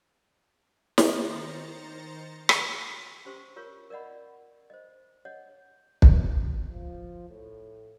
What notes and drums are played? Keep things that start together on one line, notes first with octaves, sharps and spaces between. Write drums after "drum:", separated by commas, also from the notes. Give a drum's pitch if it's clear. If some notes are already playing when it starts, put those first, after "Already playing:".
D#3 C5 A#5 A6 A#6 C#7, drum: snare
drum: rim click
C#4 G4 C5 C6 C#6
F4 A#4 C#5 C#6
A#4 D5 D#5 F#5 B5
C5 D#5
C#5 D#5 F#5
drum: kick
F3
A2